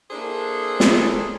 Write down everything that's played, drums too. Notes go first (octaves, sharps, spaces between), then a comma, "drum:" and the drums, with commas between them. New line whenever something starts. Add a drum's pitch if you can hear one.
A#3 D4 E4 G#4 A4 C5
drum: snare